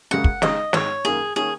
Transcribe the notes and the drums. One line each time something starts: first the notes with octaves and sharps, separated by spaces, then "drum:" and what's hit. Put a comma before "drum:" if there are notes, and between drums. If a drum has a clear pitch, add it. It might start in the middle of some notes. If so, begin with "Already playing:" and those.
F#2 C#3 G#3 F#5
drum: kick
C#3 G#3 D#4 D#5, drum: snare
G#2 G#3 D#4 C#5, drum: snare
F#2 D#3 A#3 G#4
D#3 A#3 C#4 G#4